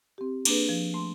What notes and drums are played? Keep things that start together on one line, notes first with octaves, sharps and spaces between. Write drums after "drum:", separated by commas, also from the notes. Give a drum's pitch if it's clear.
C4 G4
A#3 D4 G#4 B4, drum: cymbal
F3
A3 C6